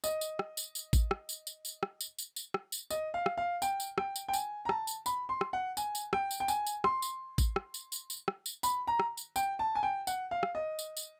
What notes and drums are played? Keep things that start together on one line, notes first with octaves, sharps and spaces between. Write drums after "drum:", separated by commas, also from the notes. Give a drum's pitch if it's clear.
D#5, drum: tambourine
drum: tambourine
drum: rim click
drum: tambourine
drum: tambourine
drum: kick A1, tambourine
drum: rim click
drum: tambourine
drum: tambourine
drum: tambourine
drum: rim click
drum: tambourine
drum: tambourine
drum: tambourine
drum: rim click
drum: tambourine
D#5, drum: tambourine
F5
drum: rim click
F5
G5, drum: tambourine
drum: tambourine
G5, drum: rim click
drum: tambourine
G5
G#5, drum: tambourine
A#5
A5, drum: rim click
drum: tambourine
B5, drum: tambourine
C6
drum: rim click
F#5
G#5, drum: tambourine
drum: tambourine
G5, drum: rim click
drum: tambourine
G5
G#5, drum: tambourine
drum: tambourine
C6, drum: rim click
drum: tambourine
drum: kick A1, tambourine
drum: rim click
drum: tambourine
drum: tambourine
drum: tambourine
drum: rim click
drum: tambourine
B5, drum: tambourine
A#5
drum: rim click
drum: tambourine
G5, drum: tambourine
A5
G#5
G5
F#5, drum: tambourine
F5
drum: rim click
D#5
drum: tambourine
drum: tambourine